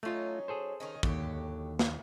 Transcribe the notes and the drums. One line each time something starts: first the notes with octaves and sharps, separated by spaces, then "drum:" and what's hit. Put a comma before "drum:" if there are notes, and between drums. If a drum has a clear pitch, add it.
F#3 A3 C#4 D#4 F4
G#4 A4 C5
D#3 C#4 D#4
D#2 D3 F#3 G4, drum: kick
drum: snare